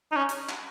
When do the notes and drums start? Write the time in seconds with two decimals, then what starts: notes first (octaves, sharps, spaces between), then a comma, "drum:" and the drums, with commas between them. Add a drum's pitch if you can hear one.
0.12 D#4
0.16 C#4
0.29 drum: hi-hat
0.49 drum: clap